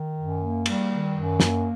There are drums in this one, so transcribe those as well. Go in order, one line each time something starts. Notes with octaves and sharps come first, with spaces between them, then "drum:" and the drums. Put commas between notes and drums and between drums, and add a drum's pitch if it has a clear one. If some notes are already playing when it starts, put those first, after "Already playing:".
Already playing: D#3
F#2
A#3
G3, drum: cymbal
D#3
F#2
A#3, drum: snare